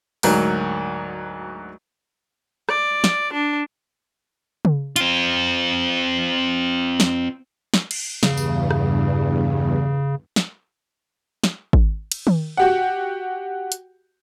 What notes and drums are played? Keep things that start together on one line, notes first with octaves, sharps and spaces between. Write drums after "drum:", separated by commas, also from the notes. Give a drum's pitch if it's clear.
D2 G#2 F#3 A#4, drum: open hi-hat
D5, drum: rim click
drum: snare
D4
drum: tom C#3
C4 F4, drum: hi-hat
drum: snare
drum: snare
drum: cymbal
E2 G2 C#3, drum: snare
drum: tambourine
drum: rim click
drum: snare
drum: snare
drum: kick G#1
drum: cymbal
drum: tom D#3
F#4 G4 F#5
drum: hi-hat